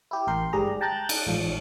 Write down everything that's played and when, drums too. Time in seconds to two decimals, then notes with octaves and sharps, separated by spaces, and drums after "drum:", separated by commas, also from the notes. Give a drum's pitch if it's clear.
0.11 E4 G4
0.27 A1 A#4 G5 C6
0.53 G1 G#2 G3 G4 G#4 A#5
0.81 G5 A5 A#5 F#6 G6 A6
1.09 drum: cymbal
1.27 A1 G#2 F3